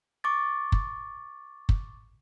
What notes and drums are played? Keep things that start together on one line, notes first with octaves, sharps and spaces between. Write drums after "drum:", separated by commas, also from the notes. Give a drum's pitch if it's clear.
C#6 D6 A6
drum: kick
drum: kick